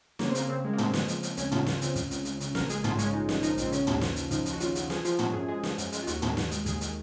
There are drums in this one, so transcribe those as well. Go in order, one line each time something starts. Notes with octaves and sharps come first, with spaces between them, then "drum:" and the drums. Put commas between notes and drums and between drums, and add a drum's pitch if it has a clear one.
C#3 A#3, drum: snare
C4
C#3 A#3, drum: hi-hat
C#3 C4
G#3
A#3
G#3 C4, drum: tom
G#3, drum: snare
F3, drum: hi-hat
F3, drum: hi-hat
C#2 C#4, drum: hi-hat
C#3 F4, drum: tom
C#2 F4, drum: snare
C#3 C4, drum: hi-hat
C#2, drum: kick, hi-hat
C#2, drum: hi-hat
C#2, drum: hi-hat
C#3, drum: hi-hat
A#1 A#4, drum: snare
G#3 G#4, drum: hi-hat
G#2 F4, drum: tom
G#3 C#4, drum: hi-hat
G#3 D#4
G#3, drum: snare
F3 D#4, drum: hi-hat
A#1 C4, drum: hi-hat
C#3 C#4, drum: hi-hat
D#2, drum: tom
F3, drum: snare
F3, drum: hi-hat
F3 D#4, drum: kick, hi-hat
F3, drum: hi-hat
F#4
C#3 F4, drum: hi-hat
C#3, drum: hi-hat
F3 G#4, drum: snare
F3 F4, drum: hi-hat
F3 F#4, drum: tom
F#2 G#4
G#3 G#4
F3, drum: snare
F#2, drum: hi-hat
G#3, drum: hi-hat
F4
D#2 F#4, drum: hi-hat
D#2, drum: tom
D#2, drum: snare
G#3, drum: hi-hat
D#2 G#4, drum: kick, hi-hat
D#3, drum: hi-hat